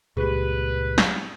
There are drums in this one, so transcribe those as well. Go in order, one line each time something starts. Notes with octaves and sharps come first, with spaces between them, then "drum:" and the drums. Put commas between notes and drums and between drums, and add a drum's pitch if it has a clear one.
C#2 G2 A#2 G#3 G4 G#4 B4
drum: snare